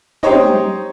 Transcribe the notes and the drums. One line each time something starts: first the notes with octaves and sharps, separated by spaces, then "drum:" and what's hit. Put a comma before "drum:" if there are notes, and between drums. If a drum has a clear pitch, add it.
D#4 G4 C5 C#5 D#5, drum: tom